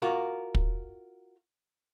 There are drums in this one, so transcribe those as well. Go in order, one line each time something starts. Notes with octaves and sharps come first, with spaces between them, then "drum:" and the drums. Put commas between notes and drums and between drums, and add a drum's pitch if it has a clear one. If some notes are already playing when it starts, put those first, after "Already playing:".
F4 F#4 A#4
drum: kick